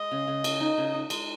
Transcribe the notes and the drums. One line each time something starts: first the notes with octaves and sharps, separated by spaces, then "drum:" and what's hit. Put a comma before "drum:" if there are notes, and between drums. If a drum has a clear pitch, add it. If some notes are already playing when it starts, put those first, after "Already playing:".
Already playing: G#3 D#5
C#3
C#3
C#3, drum: cymbal
D#4
C#3
D#4
G#3, drum: cymbal